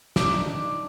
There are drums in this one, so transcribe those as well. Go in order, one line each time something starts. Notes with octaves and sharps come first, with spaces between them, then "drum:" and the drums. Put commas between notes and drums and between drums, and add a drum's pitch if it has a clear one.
D4 D#4 D5 D6, drum: snare